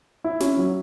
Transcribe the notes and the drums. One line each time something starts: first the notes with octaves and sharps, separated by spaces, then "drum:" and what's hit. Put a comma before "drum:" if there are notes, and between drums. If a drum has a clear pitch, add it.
E4
C#4, drum: snare
F#3